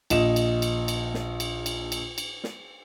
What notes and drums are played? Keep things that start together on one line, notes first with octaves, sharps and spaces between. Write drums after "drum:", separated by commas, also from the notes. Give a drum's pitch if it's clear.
A#1 D#5 E7, drum: cymbal
drum: cymbal
drum: cymbal
drum: cymbal
drum: snare
drum: cymbal
drum: cymbal
drum: cymbal
drum: cymbal
drum: snare